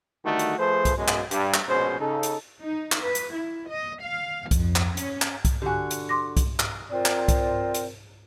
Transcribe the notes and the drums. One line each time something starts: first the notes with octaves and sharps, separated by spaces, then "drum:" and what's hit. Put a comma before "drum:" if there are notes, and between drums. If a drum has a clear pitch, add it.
D3 D#3 G3 A3 D#4 F#4
drum: hi-hat
F3 A3 G#4 B4 C5
drum: kick C2, hi-hat
F#2 B2 F#3 G#3
drum: clap
G2, drum: hi-hat
drum: clap
A#1 B2 G#3 C#4 C5
C#3 D#4 A4
drum: hi-hat
D#4
drum: clap
B4
drum: hi-hat
E4
D#5
F5
F2, drum: kick C2, hi-hat
drum: clap
C#4, drum: hi-hat
drum: clap
drum: kick C2, hi-hat
D3 F#4 G4 G#5
drum: hi-hat
C6 D6 A#6
drum: kick C2, hi-hat
drum: clap
C4 F4 A#4 C5 D5
drum: clap
drum: kick C2, hi-hat
drum: hi-hat